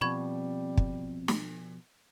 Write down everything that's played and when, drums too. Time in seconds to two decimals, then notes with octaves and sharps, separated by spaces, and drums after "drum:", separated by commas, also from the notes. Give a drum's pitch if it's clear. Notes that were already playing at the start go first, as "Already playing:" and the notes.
0.01 B2 F3 G3 C4 B5 C#6 G#6
0.77 drum: kick
1.28 drum: snare